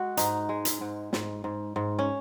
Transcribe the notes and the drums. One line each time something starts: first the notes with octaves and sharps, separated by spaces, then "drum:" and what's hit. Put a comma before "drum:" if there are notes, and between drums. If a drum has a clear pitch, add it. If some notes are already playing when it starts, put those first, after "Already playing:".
Already playing: G#3 F#4
G#2 D#4, drum: hi-hat
G#3
drum: hi-hat
G#2
G#2, drum: snare
G#2
G#2
C#4